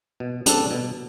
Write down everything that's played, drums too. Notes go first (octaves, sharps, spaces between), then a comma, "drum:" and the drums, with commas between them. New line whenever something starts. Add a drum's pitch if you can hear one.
B2
G3 D4 A4, drum: hi-hat
B2